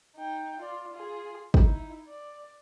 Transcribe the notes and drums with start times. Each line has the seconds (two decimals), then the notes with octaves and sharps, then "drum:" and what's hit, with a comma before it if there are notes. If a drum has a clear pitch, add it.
0.17 D#4 G5
0.60 F4 D5
0.94 F4 G#4
1.54 D#4 E4, drum: kick
2.08 D5